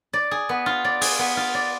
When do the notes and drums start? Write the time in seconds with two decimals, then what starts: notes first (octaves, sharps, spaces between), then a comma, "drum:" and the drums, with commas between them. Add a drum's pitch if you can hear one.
0.13 D5
0.31 G#4
0.49 B3
0.66 F4
0.84 D5
1.01 G#4, drum: open hi-hat
1.19 B3
1.37 F4
1.54 D5